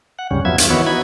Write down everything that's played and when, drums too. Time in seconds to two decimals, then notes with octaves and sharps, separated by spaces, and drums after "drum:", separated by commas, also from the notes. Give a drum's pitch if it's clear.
0.19 F#5
0.31 D2 G#2 C#3 G3 C#4
0.45 F2 F3 F#3 B3 E5 G#6
0.58 E5, drum: hi-hat
0.70 D#3 E3 B3 E4 F#4 C#5
0.86 D#4 F#4 B5 G#6